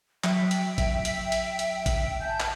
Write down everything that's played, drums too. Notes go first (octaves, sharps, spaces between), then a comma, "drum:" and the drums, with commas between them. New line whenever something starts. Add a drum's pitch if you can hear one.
F#3 E5 G5, drum: clap
drum: hi-hat
drum: kick G#1, hi-hat
drum: hi-hat
drum: hi-hat
drum: hi-hat
drum: kick G#1, hi-hat
G#5 A5 G6
drum: clap